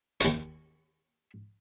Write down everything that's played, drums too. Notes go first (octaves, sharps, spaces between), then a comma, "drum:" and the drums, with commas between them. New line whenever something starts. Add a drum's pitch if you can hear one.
D#2 C#6, drum: hi-hat